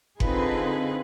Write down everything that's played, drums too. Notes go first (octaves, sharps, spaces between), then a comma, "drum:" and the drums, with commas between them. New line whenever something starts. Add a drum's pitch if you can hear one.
D3 C4 D#4 F4 G#4 B4, drum: kick F#1